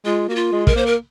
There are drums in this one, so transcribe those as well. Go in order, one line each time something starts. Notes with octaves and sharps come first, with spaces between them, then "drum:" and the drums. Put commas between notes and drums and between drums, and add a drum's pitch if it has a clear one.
G#3 F4
A#3 F#4
F4
G#3
A#4, drum: kick
A#3 C5
A#4